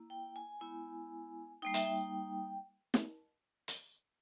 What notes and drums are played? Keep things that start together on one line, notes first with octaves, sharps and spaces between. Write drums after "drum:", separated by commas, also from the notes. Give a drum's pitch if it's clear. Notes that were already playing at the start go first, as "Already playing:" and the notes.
Already playing: A#3 E4
G5
G#5
G#3 B3 E4
G3 A#3 D#4 G5
E5, drum: hi-hat
G5
drum: snare
drum: hi-hat